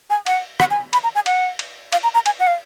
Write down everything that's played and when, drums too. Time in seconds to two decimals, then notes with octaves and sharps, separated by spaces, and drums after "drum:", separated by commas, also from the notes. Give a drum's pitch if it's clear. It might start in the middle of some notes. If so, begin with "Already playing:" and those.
0.10 G#5
0.26 F#5, drum: cymbal
0.60 F#5, drum: rim click
0.71 G#5
0.93 B5, drum: cymbal
1.03 A#5
1.15 G#5
1.26 F#5, drum: cymbal
1.59 drum: cymbal
1.92 F5, drum: cymbal
2.03 A#5
2.14 A#5
2.26 G#5, drum: cymbal
2.40 F#5
2.47 F5